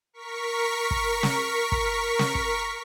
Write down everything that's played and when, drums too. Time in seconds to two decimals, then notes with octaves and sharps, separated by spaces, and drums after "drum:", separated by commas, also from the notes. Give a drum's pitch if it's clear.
0.13 A#4 C#6 B6
0.91 drum: kick
1.23 drum: snare
1.72 drum: kick
2.19 drum: snare
2.35 drum: kick